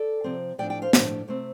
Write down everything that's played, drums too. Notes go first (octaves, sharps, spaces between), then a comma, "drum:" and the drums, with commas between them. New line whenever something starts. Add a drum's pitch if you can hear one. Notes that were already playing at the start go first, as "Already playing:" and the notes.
Already playing: A4 D5
C3 F3 C4
A2 F3 D4 D5 G5
D5 G5
C5 F5
A2 F3 D4, drum: snare
C3 A3 C4